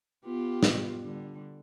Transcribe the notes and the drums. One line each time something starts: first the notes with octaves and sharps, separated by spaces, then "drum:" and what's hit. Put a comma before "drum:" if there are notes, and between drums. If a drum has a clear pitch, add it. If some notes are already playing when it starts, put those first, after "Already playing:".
B3 F4 G4
drum: snare
D3 G3